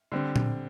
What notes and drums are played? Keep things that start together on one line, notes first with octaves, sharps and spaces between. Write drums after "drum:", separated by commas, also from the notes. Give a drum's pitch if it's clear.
D3 G3 C4
drum: tom A#2